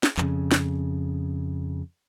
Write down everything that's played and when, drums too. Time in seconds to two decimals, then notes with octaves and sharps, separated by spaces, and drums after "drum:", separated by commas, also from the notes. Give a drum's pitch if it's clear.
0.03 drum: snare
0.17 F2 C#3, drum: clap
0.51 drum: snare